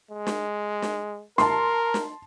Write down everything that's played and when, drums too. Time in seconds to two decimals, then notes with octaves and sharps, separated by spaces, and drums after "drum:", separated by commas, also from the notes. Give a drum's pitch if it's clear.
0.11 G#3
0.27 drum: snare
0.82 drum: snare
1.38 A#4 A5 C6, drum: snare
1.94 drum: snare